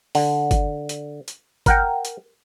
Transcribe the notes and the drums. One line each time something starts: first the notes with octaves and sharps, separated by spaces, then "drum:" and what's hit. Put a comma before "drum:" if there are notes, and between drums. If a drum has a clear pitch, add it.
D3, drum: open hi-hat
drum: kick, hi-hat
drum: hi-hat
drum: hi-hat
A#4 F#5 G5, drum: kick, hi-hat
drum: hi-hat